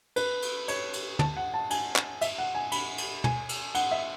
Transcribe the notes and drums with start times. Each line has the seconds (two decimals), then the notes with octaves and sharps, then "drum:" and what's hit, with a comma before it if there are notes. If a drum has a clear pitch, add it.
0.16 B4, drum: cymbal
0.42 drum: cymbal
0.68 C#5, drum: cymbal
0.93 drum: cymbal
1.19 A5, drum: tom
1.37 F#5
1.54 A5
1.70 G#5, drum: cymbal
1.96 drum: clap
2.21 E5, drum: cymbal
2.38 F#5
2.55 G#5
2.72 B5, drum: cymbal
2.98 drum: cymbal
3.24 G#5, drum: tom
3.49 drum: cymbal
3.75 F#5, drum: cymbal
3.91 E5